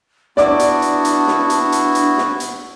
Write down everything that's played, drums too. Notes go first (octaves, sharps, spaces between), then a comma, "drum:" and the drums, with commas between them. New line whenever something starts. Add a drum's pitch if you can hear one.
B3 D4 E4 F#4 D5 D6, drum: snare
drum: hi-hat
drum: hi-hat
drum: hi-hat
drum: snare
drum: hi-hat
drum: hi-hat
drum: hi-hat
drum: snare
drum: hi-hat